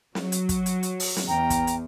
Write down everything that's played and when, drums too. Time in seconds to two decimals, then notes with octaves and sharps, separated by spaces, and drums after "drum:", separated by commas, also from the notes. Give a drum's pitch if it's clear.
0.15 F#3, drum: snare
0.32 drum: hi-hat
0.49 drum: kick, hi-hat
0.66 drum: hi-hat
0.83 drum: hi-hat
1.00 drum: open hi-hat
1.17 drum: snare
1.27 E2 G5 A#5
1.50 drum: kick, hi-hat
1.67 drum: hi-hat